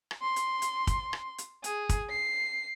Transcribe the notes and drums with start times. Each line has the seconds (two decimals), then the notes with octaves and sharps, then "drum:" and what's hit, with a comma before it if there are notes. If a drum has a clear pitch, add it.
0.11 drum: rim click
0.22 C6
0.36 drum: hi-hat
0.62 drum: hi-hat
0.87 drum: kick, hi-hat
1.13 drum: rim click
1.38 drum: hi-hat
1.64 G#4, drum: hi-hat
1.89 drum: kick, hi-hat
2.09 C7